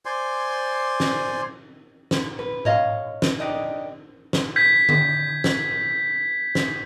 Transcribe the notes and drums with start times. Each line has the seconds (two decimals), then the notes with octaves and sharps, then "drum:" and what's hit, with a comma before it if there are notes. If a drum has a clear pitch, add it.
0.05 C5 D5 G#5 C6
1.00 drum: snare
2.11 drum: snare
2.39 B4
2.65 C#5 D#5 F5, drum: tom A2
3.22 drum: snare
3.40 D4 D#4 G4 D#5
4.33 drum: snare
4.56 G6 G#6 B6
4.89 drum: tom D3
5.44 drum: snare
6.55 drum: snare